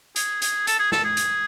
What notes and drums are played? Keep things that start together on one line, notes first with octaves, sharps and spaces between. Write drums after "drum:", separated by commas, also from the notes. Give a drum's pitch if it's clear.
G#4, drum: hi-hat
G#4, drum: hi-hat
A4, drum: hi-hat
G#4
A4, drum: snare
G#4
drum: hi-hat